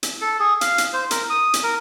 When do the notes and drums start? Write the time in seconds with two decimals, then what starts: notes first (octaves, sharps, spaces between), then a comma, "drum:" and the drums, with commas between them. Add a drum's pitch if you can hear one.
0.03 drum: hi-hat
0.21 A4
0.40 G#4
0.61 F5, drum: hi-hat
0.78 drum: hi-hat
0.93 C5
1.11 A#4, drum: hi-hat
1.30 D#6
1.54 drum: hi-hat
1.63 A#4